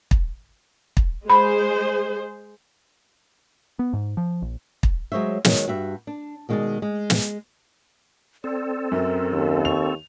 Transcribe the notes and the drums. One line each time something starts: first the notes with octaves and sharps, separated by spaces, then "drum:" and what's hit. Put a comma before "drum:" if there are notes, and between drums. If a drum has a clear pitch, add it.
drum: kick
drum: kick
G#3 G#4 C5 B5
B3
G#2
F3
A#1
drum: kick
F#3 G#3 C5 C#5 E5
D#3 F#3 G#3 D#4, drum: snare
G2 F#4 E5
D4
B2 D#3 G#3 F#4 G#4 D5
G#3
drum: snare
C4 A4 D5
F#2 A#4
D#2
C#6 F7